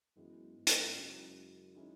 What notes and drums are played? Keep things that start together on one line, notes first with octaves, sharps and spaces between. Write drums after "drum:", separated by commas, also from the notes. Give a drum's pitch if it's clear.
F#2 E3 G#3 B3 E4
G#2
drum: hi-hat
F#2 C#3 G#3 C#4 E4
D#3 G#3 C#4 E4